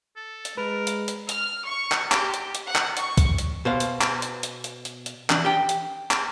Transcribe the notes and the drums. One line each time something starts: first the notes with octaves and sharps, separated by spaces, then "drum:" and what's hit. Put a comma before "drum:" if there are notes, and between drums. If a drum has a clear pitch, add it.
A4
drum: hi-hat
G#3 A#4 B4
drum: hi-hat
drum: hi-hat
F6, drum: hi-hat
C#6
drum: clap
G4, drum: clap
drum: hi-hat
drum: hi-hat
F#5
drum: clap
C#6, drum: hi-hat
drum: kick, hi-hat
drum: hi-hat
B2 C5 F5
drum: hi-hat
drum: clap
drum: hi-hat
drum: hi-hat
drum: hi-hat
drum: hi-hat
drum: hi-hat
E3 C#4 D4, drum: clap
G4 G5
drum: hi-hat
drum: clap